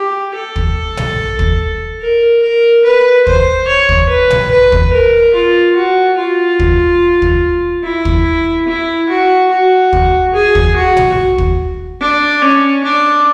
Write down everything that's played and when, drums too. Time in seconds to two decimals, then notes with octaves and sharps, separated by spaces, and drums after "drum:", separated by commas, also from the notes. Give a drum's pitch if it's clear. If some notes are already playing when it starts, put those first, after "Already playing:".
Already playing: G4
0.35 A4
0.56 drum: kick
0.97 drum: tom
1.39 drum: kick
2.01 A#4
2.43 A#4
2.85 B4
3.27 C5, drum: kick
3.68 C#5
3.89 drum: kick
4.09 B4
4.30 drum: tom
4.51 B4
4.72 drum: kick
4.93 A#4
5.34 F4
5.76 F#4
6.18 F4
6.59 drum: kick
7.22 drum: kick
7.84 E4
8.05 drum: kick
8.68 E4
9.09 F#4
9.51 F#4
9.93 drum: kick
10.34 G#4
10.55 drum: kick
10.76 F#4
10.97 drum: tom
11.38 drum: kick
12.01 D4
12.42 C#4
12.84 D4